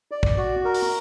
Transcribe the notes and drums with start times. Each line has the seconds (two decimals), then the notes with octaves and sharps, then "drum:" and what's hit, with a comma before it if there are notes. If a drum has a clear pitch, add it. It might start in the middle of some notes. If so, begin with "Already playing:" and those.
0.11 D5
0.23 drum: kick
0.37 F#4
0.65 A#4
0.74 drum: open hi-hat